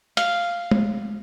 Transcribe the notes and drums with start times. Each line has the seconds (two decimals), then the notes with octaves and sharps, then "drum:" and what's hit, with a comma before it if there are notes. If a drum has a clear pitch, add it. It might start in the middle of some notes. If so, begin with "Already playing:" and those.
0.17 F5, drum: hi-hat
0.71 drum: tom